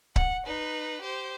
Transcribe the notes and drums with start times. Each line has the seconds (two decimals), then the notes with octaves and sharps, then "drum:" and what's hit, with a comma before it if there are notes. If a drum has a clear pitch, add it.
0.16 F#5, drum: kick C#1
0.46 D#4 B4
1.02 G4 C5